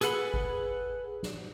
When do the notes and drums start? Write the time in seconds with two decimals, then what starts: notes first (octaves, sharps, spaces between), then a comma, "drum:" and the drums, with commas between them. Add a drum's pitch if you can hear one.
0.01 G#4 A4 B4 F#5 B5, drum: hi-hat
0.34 drum: kick G#1
1.23 drum: snare